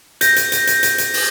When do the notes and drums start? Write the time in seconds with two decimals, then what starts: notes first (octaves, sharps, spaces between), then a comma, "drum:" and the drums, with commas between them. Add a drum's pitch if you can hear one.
0.21 G6 A#6, drum: hi-hat
0.36 drum: hi-hat
0.52 drum: hi-hat
0.67 drum: hi-hat
0.83 drum: hi-hat
0.98 drum: hi-hat
1.14 drum: open hi-hat